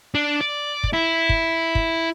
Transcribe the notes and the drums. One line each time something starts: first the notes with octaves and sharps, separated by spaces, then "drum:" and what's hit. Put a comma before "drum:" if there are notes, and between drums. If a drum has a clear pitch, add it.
D4
D5
drum: kick
E4
drum: kick
drum: kick